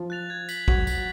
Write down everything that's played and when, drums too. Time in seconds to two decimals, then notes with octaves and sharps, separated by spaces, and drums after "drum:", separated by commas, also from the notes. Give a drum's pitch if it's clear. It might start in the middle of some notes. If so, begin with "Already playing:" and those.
Already playing: F3 F4
0.10 F#6 A6 F7
0.30 G#6
0.49 B6 F#7, drum: tambourine
0.68 F#3 F#4 G#6, drum: kick
0.87 B6 F#7, drum: tambourine